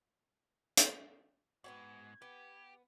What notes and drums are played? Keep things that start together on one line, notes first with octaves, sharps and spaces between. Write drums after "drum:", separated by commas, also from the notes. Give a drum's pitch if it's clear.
drum: hi-hat
G#2 B3 C#4 F#4 G#6
B3 G4